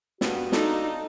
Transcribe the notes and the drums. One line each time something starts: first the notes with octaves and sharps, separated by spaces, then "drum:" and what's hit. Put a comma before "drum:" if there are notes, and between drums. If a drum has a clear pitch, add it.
G2 A#2 B3 F#4, drum: snare
D4 D#4 F4 A4, drum: snare